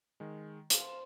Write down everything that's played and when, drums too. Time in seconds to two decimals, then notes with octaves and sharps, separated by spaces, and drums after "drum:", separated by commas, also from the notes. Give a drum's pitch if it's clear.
0.20 D#3 G#3
0.70 C5 D5 F5 A5 E7, drum: hi-hat